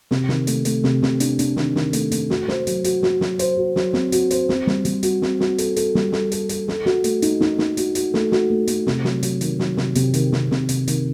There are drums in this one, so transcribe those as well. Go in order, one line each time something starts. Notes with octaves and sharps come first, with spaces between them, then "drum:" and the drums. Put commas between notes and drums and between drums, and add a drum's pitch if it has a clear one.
C3, drum: snare
D#3, drum: snare
A3, drum: hi-hat
A3, drum: hi-hat
C3, drum: snare
C3, drum: snare
D4, drum: hi-hat
D4, drum: hi-hat
D#3, drum: snare
D#3, drum: snare
A3, drum: hi-hat
A3, drum: hi-hat
F#4, drum: snare
C5, drum: snare
F#3, drum: hi-hat
F#4, drum: hi-hat
F#4, drum: snare
F#3, drum: snare
C5, drum: hi-hat
F#4
F#3, drum: snare
C4, drum: snare
F#4, drum: hi-hat
C5, drum: hi-hat
C4, drum: snare
G3, drum: snare
G3, drum: hi-hat
F#4, drum: hi-hat
C4, drum: snare
F#4, drum: snare
A4, drum: hi-hat
A4, drum: hi-hat
G3, drum: snare
A4, drum: snare
A4, drum: hi-hat
A4, drum: hi-hat
A4, drum: snare
F#4, drum: snare
A3, drum: hi-hat
D#4, drum: hi-hat
D#4, drum: snare
D#4, drum: snare
F#4, drum: hi-hat
F#4, drum: hi-hat
A3, drum: snare
F#4, drum: snare
A3
A3, drum: hi-hat
C3, drum: snare
F#3, drum: snare
F#3, drum: hi-hat
D#3, drum: hi-hat
F#3, drum: snare
C3, drum: snare
C3, drum: hi-hat
D#3, drum: hi-hat
C3, drum: snare
C3, drum: snare
C3, drum: hi-hat
D#3, drum: hi-hat